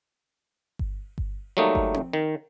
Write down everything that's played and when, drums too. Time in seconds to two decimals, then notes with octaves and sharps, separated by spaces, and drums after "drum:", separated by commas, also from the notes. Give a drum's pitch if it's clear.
0.79 drum: kick G1
1.18 drum: kick G1
1.57 F#3 G3 A3 A#3 D#4
1.75 drum: kick G1
1.94 drum: tom C4
2.13 D#3